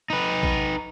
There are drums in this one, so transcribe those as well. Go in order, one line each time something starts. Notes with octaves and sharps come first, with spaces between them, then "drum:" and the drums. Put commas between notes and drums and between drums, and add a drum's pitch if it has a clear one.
D#4 B4
drum: kick